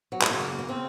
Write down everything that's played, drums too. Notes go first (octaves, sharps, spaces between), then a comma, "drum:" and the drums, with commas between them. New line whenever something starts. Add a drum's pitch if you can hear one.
F#3
G#3, drum: clap
F#2 C#3 A#3
A#3
A#3
C#3 C4